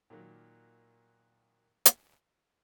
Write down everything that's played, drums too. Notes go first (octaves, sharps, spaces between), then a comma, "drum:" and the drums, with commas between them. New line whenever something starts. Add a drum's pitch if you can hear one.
A#2 D#3 F#3 A#3
drum: hi-hat